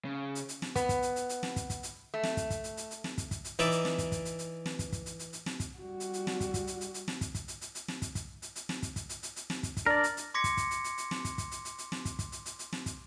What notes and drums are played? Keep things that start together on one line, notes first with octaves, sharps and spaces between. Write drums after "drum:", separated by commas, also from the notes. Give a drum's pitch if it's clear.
C#3
drum: hi-hat
drum: hi-hat
drum: snare
B3, drum: kick, hi-hat
drum: kick, hi-hat
drum: hi-hat
drum: hi-hat
drum: hi-hat
drum: snare
drum: kick, hi-hat
drum: kick, hi-hat
drum: hi-hat
A3
drum: snare
drum: kick, hi-hat
drum: kick, hi-hat
drum: hi-hat
drum: hi-hat
drum: hi-hat
drum: snare
drum: kick, hi-hat
drum: kick, hi-hat
drum: hi-hat
E3 D#4 D5 E5, drum: hi-hat
drum: hi-hat
drum: snare
drum: kick, hi-hat
drum: kick, hi-hat
drum: hi-hat
drum: hi-hat
drum: snare
drum: kick, hi-hat
drum: kick, hi-hat
drum: hi-hat
drum: hi-hat
drum: hi-hat
drum: snare
drum: kick, hi-hat
G3 F#4
drum: hi-hat
drum: hi-hat
drum: snare
drum: kick, hi-hat
drum: kick, hi-hat
drum: hi-hat
drum: hi-hat
drum: hi-hat
drum: snare
drum: kick, hi-hat
drum: kick, hi-hat
drum: hi-hat
drum: hi-hat
drum: hi-hat
drum: snare
drum: kick, hi-hat
drum: kick, hi-hat
drum: hi-hat
drum: hi-hat
drum: snare
drum: kick, hi-hat
drum: kick, hi-hat
drum: hi-hat
drum: hi-hat
drum: hi-hat
drum: snare
drum: kick, hi-hat
drum: kick, hi-hat
D4 A#4 D5
drum: hi-hat
drum: hi-hat
C6 D6 G#6 A#6 B6 C#7
drum: kick, hi-hat
drum: kick, hi-hat
drum: hi-hat
drum: hi-hat
drum: hi-hat
drum: snare
drum: kick, hi-hat
drum: kick, hi-hat
drum: hi-hat
drum: hi-hat
drum: hi-hat
drum: snare
drum: kick, hi-hat
drum: kick, hi-hat
drum: hi-hat
drum: hi-hat
drum: hi-hat
drum: snare
drum: kick, hi-hat